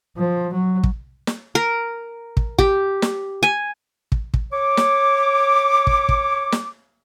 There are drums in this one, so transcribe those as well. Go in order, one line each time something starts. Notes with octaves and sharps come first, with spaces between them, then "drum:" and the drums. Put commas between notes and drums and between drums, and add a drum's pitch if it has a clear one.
F3
F#3
drum: kick
drum: snare
A#4
drum: kick
G4, drum: kick
drum: snare
G#5
drum: kick
drum: kick
C#5 D6
drum: snare
drum: kick
drum: kick
drum: snare